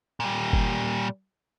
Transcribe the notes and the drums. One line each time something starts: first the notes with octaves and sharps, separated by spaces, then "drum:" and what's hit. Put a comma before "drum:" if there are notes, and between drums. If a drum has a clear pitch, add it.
A#2 G3
drum: kick